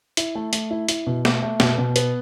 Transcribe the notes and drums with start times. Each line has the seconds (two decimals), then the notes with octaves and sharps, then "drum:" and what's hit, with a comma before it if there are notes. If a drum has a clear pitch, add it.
0.17 E4, drum: hi-hat
0.35 A3
0.53 A3, drum: hi-hat
0.71 E4
0.89 E4, drum: hi-hat
1.07 B2
1.25 A3, drum: snare
1.42 A3
1.60 B2, drum: snare
1.78 B2
1.96 B3, drum: hi-hat